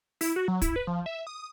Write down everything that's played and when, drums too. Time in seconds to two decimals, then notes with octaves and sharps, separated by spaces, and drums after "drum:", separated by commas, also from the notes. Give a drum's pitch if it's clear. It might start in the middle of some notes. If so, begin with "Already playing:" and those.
0.21 E4, drum: open hi-hat
0.36 F#4
0.48 F#3
0.62 E4, drum: kick, hi-hat
0.76 B4
0.87 F3
1.06 E5
1.27 D#6